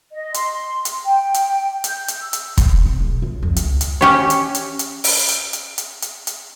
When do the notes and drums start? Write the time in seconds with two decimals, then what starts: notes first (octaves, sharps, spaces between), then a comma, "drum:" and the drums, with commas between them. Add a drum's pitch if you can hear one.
0.11 D#5
0.34 C6, drum: hi-hat
0.51 C6
0.85 drum: hi-hat
1.05 G5
1.22 G5
1.34 drum: hi-hat
1.84 G6, drum: hi-hat
2.08 drum: hi-hat
2.18 E6
2.33 drum: hi-hat
2.58 drum: kick, hi-hat
2.85 C3
3.00 B1
3.22 C#2
3.43 F2
3.56 C#2, drum: hi-hat
3.81 drum: hi-hat
4.01 C#4 G4 C#5
4.30 drum: hi-hat
4.55 drum: hi-hat
4.79 drum: hi-hat
5.04 drum: open hi-hat
5.28 drum: hi-hat
5.53 drum: hi-hat
5.78 drum: hi-hat
6.02 drum: hi-hat
6.27 drum: hi-hat